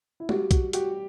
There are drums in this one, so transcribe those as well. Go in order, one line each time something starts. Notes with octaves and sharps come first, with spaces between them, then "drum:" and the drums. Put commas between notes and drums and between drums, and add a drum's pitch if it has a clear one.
E4
G3 F#4, drum: tom
F#4, drum: kick B1, hi-hat
F#4 G4, drum: hi-hat